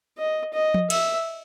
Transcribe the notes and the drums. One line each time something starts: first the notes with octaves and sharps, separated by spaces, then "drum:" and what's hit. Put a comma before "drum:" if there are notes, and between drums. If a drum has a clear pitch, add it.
D#5
D#5
drum: tom F3
E5, drum: cymbal